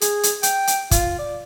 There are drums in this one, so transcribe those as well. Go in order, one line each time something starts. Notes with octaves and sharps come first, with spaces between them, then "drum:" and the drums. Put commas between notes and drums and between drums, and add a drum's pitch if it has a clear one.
G#4, drum: hi-hat
drum: hi-hat
G5, drum: hi-hat
drum: hi-hat
F4, drum: kick, hi-hat
D5